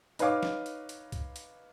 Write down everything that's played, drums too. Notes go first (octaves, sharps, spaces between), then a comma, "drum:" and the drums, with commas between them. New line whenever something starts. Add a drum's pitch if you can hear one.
D#4 B4 C#5 F5 D6, drum: hi-hat
drum: snare
drum: hi-hat
drum: hi-hat
drum: kick C2, hi-hat
drum: hi-hat